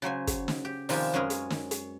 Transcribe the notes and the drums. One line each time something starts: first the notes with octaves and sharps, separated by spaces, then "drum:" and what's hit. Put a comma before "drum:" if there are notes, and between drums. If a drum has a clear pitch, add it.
C#3 F#3 C5 G#5
drum: kick, hi-hat
drum: snare
G4
C3 D#3 F3 G3 G#3 G4, drum: open hi-hat
F#2 G#3 C#4 G#4 A#4 B4
drum: hi-hat
drum: snare
drum: hi-hat